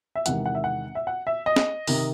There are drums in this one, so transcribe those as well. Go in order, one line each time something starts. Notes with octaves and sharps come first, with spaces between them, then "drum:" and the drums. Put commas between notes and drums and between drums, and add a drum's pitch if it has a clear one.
E5
E2 C3 D#3 G#3 F#5, drum: hi-hat
F#5
E5
F#5
E5
F#5
E5
D#5
drum: snare
C3 D#3, drum: open hi-hat